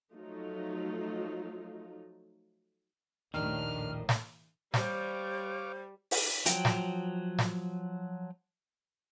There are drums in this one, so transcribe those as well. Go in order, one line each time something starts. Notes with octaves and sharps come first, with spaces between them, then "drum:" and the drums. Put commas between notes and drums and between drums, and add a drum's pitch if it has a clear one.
F3 F#3 A3 D#4 F4
A#1 D#2 A2 D#3 D4 F6
drum: snare
G3 C5 C#5 F5 D6, drum: snare
drum: open hi-hat
F3 F#3 G5, drum: hi-hat
drum: snare
drum: snare